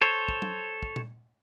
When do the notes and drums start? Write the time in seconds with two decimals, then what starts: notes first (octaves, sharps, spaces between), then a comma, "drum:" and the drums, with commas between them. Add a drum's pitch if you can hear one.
0.01 A4 C5 C#5
0.29 drum: kick
0.42 drum: tom
0.83 drum: kick
0.96 drum: tom A#2